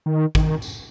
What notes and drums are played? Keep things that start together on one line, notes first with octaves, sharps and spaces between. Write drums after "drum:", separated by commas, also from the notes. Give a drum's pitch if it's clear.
D#3
D#3, drum: kick
drum: tambourine